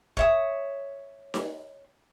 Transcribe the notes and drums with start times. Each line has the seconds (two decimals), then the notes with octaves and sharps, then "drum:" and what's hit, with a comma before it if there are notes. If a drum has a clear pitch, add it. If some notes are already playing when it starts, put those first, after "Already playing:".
0.17 C#5 E5 D#6, drum: kick
1.34 drum: snare D#4